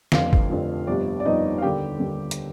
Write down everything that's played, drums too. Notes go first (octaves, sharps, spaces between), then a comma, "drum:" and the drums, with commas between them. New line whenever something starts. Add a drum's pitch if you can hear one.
F1 F2 D3 F4 F5, drum: snare
drum: kick G#1
F1 F2 D3
G1 F2 C3 G3 D4 D5
D5
G1 F2 C3 G3 D#4 D#5
F5
D#2 D3 G3 G4 G5
D#2 D3 G3
drum: hi-hat